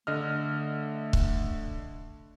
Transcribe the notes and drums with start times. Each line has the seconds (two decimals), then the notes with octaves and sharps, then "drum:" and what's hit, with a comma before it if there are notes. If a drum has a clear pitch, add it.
0.07 D3 A3 D#5 F6
1.13 drum: kick C#1